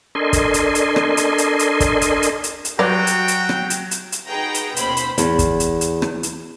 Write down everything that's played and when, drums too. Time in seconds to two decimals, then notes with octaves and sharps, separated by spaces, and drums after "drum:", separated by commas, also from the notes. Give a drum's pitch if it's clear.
0.15 D4 A4 A#4 D#5 G#5 C6
0.33 drum: kick, hi-hat
0.54 drum: hi-hat
0.75 drum: hi-hat
0.96 drum: rim click
1.17 drum: hi-hat
1.38 drum: hi-hat
1.59 drum: hi-hat
1.80 drum: kick, hi-hat
2.01 drum: hi-hat
2.23 drum: hi-hat
2.44 drum: hi-hat
2.65 drum: hi-hat
2.79 F#3 G3 F#4 B4 D5 G5
3.07 drum: hi-hat
3.28 drum: hi-hat
3.49 drum: rim click
3.70 drum: hi-hat
3.91 drum: hi-hat
4.12 drum: hi-hat
4.28 D#4 F#4 G#4 B4 G5 A#5
4.54 drum: hi-hat
4.76 D#2 B2 C#4 C5 B5, drum: hi-hat
4.97 drum: hi-hat
5.18 E2, drum: hi-hat
5.39 drum: kick, hi-hat
5.60 drum: hi-hat
5.81 drum: hi-hat
6.02 drum: rim click
6.23 drum: hi-hat